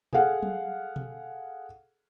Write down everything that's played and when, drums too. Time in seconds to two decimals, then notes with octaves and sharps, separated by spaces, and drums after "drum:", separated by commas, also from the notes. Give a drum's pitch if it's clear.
0.13 G#4 A4 F5 F#5, drum: tom B2
0.43 drum: tom F#3
0.96 drum: tom B2